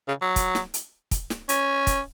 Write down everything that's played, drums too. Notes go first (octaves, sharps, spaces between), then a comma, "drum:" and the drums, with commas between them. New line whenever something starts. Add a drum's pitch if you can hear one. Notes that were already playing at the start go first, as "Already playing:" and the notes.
C#3
F#3
drum: kick, hi-hat
drum: snare
drum: hi-hat
drum: kick, hi-hat
drum: snare
C#4, drum: hi-hat
drum: kick, hi-hat